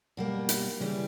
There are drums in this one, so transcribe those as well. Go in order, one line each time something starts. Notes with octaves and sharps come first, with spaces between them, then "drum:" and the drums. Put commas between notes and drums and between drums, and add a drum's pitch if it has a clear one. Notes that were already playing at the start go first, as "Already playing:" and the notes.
B2 G3 A#3
drum: hi-hat
C#3 E3 G3 C#4